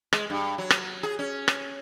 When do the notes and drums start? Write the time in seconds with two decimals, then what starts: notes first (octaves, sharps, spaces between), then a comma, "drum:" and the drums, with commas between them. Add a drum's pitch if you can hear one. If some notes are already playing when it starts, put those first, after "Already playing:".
0.13 G#3, drum: rim click
0.30 G2
0.58 F#3
0.70 drum: rim click
1.03 G#4
1.19 C#4
1.48 drum: rim click